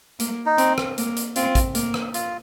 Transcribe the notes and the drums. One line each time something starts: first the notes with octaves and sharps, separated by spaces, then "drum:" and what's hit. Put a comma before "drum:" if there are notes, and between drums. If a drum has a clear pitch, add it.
A#3, drum: hi-hat
D#4
C4, drum: hi-hat
drum: rim click
A#3, drum: hi-hat
drum: hi-hat
C4 F4, drum: hi-hat
drum: kick A1, hi-hat
A#3, drum: hi-hat
drum: rim click
F4, drum: hi-hat